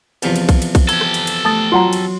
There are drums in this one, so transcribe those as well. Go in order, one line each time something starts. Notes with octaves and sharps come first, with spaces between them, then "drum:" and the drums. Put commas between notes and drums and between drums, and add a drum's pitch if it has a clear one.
E2 C3 F3, drum: cymbal
drum: cymbal
drum: kick B1, cymbal
drum: cymbal
drum: kick B1, cymbal
G4 A4 G#6, drum: cymbal
drum: rim click
drum: cymbal
drum: cymbal
A3 A5 D#6 A6
F#3 F4 F#5 A#5 C6
drum: cymbal